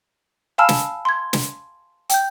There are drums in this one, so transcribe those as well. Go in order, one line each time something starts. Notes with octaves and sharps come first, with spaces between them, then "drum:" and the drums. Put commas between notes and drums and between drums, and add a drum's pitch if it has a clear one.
F5 G#5 A5 B5 E6 F6
drum: snare
C6 G#6
drum: snare
G5 G6, drum: hi-hat